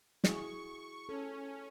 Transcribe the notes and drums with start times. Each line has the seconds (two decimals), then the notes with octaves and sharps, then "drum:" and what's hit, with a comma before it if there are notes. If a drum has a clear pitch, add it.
0.24 E4 F#4 G#4 C#6, drum: snare
1.09 C#4 A4